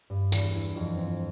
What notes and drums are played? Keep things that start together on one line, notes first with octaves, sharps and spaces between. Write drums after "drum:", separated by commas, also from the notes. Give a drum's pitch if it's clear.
G2
E2, drum: tambourine
E4
F2
C4